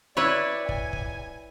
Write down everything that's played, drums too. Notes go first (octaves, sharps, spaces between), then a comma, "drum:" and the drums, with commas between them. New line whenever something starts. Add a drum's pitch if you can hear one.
E4 B4 C#5 D5
G#5, drum: kick
drum: kick